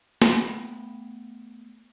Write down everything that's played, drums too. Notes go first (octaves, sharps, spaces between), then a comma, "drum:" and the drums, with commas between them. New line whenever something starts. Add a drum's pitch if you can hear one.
A3 B3 G5 B5, drum: snare